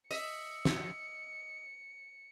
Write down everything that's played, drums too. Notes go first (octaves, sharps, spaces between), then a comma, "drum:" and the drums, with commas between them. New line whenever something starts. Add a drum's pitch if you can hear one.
D#5 E5 C#7, drum: open hi-hat
drum: snare